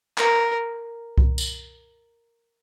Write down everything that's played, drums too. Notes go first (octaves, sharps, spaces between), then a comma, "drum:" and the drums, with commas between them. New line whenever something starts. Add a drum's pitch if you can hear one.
A#4, drum: clap
drum: kick C2
drum: tambourine